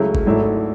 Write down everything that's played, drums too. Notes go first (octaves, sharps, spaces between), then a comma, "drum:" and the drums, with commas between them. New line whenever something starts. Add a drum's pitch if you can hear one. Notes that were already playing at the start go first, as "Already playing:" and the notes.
Already playing: C#2 C#3 F#3 A3 E4
drum: kick G1
G#1 G#2 F#3 A3 E4